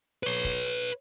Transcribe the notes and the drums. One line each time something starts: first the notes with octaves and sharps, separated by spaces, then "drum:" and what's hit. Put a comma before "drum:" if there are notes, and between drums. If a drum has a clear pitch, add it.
B4 C#5, drum: hi-hat
drum: kick, hi-hat
drum: hi-hat